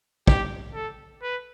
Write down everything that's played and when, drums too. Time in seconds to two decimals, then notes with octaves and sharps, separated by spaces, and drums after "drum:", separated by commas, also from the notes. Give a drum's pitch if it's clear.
0.27 G4, drum: kick
0.74 A4
1.22 B4